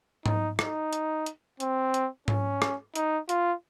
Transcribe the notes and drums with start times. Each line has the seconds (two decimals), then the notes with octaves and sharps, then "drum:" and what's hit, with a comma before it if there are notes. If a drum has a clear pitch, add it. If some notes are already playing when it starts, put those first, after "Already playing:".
0.26 D#4, drum: tom G#2
0.59 D#4, drum: rim click
0.93 drum: hi-hat
1.26 drum: hi-hat
1.60 C4, drum: hi-hat
1.94 drum: hi-hat
2.28 C#4, drum: tom G#2
2.62 drum: rim click
2.95 D#4, drum: hi-hat
3.29 F4, drum: hi-hat